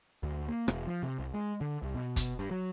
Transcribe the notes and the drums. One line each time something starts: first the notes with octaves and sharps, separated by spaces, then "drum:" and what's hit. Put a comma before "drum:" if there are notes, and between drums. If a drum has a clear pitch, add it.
D2
A#3
E1, drum: rim click
F3
C3
C2
G#3
D3
C2
B2
drum: kick, hi-hat
G2
F#3